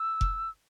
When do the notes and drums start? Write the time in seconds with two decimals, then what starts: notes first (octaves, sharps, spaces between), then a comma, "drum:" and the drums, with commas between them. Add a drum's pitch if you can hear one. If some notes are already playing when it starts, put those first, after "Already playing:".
Already playing: E6
0.21 drum: kick F1